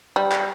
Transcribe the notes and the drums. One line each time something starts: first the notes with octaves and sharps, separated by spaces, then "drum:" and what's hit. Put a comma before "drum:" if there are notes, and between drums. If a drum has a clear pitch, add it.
G3
drum: clap